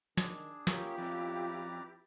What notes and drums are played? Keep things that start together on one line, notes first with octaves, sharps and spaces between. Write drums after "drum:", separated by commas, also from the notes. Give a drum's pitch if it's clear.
D#3 D4 G#4, drum: snare
A#3 C#4 E4 F4 G4 G#4, drum: snare
F2 C#4 B4 D5 A#5